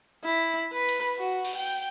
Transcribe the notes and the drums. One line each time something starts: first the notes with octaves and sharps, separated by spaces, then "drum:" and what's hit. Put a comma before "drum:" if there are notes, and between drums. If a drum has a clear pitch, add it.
E4
B4
drum: cymbal
F#4
drum: cymbal
G5